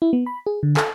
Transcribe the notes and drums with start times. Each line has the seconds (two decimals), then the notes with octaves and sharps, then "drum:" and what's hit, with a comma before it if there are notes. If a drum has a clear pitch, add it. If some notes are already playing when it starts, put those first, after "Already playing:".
0.02 E4
0.13 B3
0.26 B5
0.46 G#4
0.63 D3
0.77 A4, drum: clap